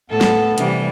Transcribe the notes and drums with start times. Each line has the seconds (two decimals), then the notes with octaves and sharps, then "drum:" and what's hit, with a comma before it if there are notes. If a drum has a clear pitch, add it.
0.10 A2 B3 A4
0.21 drum: snare
0.58 C3 E3 G3, drum: hi-hat